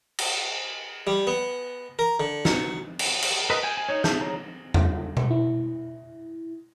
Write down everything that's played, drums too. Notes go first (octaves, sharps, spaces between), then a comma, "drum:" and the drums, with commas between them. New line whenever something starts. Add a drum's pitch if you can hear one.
drum: cymbal
G3
B3
A#4
D3
F#3, drum: snare
drum: cymbal
drum: cymbal
A#4 B4 D#5
G5 G#5
G#5
D#4 C#5
G#4 E5 A5 G6, drum: snare
G#4 C#5 D5 A#5
drum: tom E2
drum: tom B2
E4